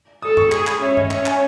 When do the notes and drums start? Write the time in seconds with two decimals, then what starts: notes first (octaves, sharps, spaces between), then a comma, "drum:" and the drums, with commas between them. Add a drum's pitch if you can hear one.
0.22 A4 D#6
0.37 C#6, drum: tom F#2
0.52 G#4 C#6, drum: clap
0.67 B5, drum: clap
0.81 C#4 E5
0.97 D#5, drum: tom
1.11 C#4 E5, drum: clap
1.26 G#5, drum: clap